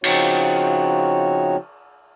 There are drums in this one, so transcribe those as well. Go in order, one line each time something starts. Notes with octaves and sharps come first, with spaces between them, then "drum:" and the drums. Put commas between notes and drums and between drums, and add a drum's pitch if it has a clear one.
C#3 F3 C4 D#4 F#4 C#5, drum: cymbal